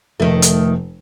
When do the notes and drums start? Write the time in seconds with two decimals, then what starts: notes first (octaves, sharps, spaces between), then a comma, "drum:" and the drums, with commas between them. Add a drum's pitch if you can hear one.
0.20 F1 D#3 A3
0.42 drum: hi-hat